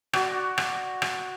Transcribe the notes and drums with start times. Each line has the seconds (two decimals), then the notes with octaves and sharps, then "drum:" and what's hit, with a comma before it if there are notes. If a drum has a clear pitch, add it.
0.13 F#4 D5, drum: rim click
0.58 drum: rim click
1.02 drum: rim click